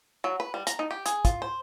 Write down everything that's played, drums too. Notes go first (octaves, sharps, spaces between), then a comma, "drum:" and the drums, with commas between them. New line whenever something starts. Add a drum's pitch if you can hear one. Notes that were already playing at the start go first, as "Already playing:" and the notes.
F#3
B4
G3
A#5, drum: hi-hat
D#4
G4
G#4, drum: hi-hat
F4, drum: kick, hi-hat
C5